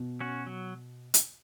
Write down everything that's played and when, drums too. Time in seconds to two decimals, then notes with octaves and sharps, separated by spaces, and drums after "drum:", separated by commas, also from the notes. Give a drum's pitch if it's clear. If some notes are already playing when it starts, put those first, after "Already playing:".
Already playing: B2
0.21 C#4 F#4
0.47 F#3
1.14 drum: hi-hat